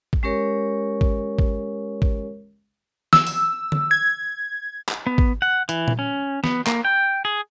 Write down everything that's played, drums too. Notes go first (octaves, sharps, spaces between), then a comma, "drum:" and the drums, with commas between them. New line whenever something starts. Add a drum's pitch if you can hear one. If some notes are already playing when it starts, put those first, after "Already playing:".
drum: kick G#1
G#3 C#4 G4 A#4 C#5
drum: kick G#1
drum: kick G#1
drum: kick G#1
E6, drum: snare
drum: open hi-hat
drum: tom D3
G#6
drum: clap
B3
drum: kick G#1
F#5
E3, drum: hi-hat
drum: tom A#2
C#4
B3, drum: snare
A#3, drum: clap
G5
G#4